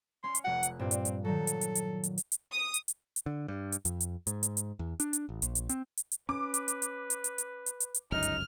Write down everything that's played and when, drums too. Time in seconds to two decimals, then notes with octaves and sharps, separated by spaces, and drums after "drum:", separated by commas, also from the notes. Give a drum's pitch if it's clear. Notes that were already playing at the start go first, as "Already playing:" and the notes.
0.24 C#4 C6
0.35 drum: hi-hat
0.44 F1 F#5 F#6
0.63 drum: hi-hat
0.79 G2 A#2 C4
0.91 drum: hi-hat
1.05 drum: hi-hat
1.25 D#3 F#3 A4
1.47 drum: hi-hat
1.61 drum: hi-hat
1.76 drum: hi-hat
2.04 drum: hi-hat
2.18 drum: hi-hat
2.32 drum: hi-hat
2.52 D#6
2.74 drum: hi-hat
2.88 drum: hi-hat
3.16 drum: hi-hat
3.26 D3
3.48 G2
3.72 drum: hi-hat
3.85 F2, drum: hi-hat
4.01 drum: hi-hat
4.27 G#2, drum: hi-hat
4.43 drum: hi-hat
4.57 drum: hi-hat
4.79 E2
5.00 D4, drum: hi-hat
5.13 drum: hi-hat
5.29 A1
5.42 A#1, drum: hi-hat
5.55 drum: hi-hat
5.69 C4, drum: hi-hat
5.98 drum: hi-hat
6.12 drum: hi-hat
6.29 C#4 B4 D6
6.54 drum: hi-hat
6.68 drum: hi-hat
6.82 drum: hi-hat
7.10 drum: hi-hat
7.24 drum: hi-hat
7.38 drum: hi-hat
7.66 drum: hi-hat
7.81 drum: hi-hat
7.95 drum: hi-hat
8.12 G1 C#2 F#2 D#4 F6
8.23 drum: hi-hat